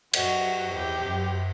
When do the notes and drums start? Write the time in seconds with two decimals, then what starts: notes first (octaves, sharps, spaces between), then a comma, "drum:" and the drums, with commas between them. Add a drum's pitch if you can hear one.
0.14 F#2 F#4, drum: cymbal
0.73 E2 G4
1.03 F#2